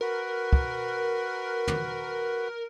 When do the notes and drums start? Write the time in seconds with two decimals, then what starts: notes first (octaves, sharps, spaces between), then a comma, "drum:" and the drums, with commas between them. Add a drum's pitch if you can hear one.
0.01 F#4 A#4 B4
0.53 drum: kick
1.67 drum: tom